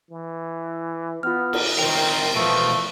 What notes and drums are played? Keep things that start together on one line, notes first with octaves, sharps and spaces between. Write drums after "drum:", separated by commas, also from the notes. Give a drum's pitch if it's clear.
E3
B3 F4 F6
drum: cymbal
D#3 C4 A#4 G5
B2 E3 F3 A3